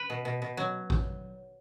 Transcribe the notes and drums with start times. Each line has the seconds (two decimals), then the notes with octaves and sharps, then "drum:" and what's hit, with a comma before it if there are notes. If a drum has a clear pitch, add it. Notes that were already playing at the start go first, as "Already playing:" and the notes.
Already playing: B4
0.10 B2
0.25 B2
0.42 B2
0.57 F#3
0.90 drum: kick A1